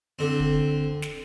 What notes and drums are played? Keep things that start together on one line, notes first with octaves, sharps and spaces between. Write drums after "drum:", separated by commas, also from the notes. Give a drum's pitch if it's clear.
D3 C4
drum: kick
drum: snare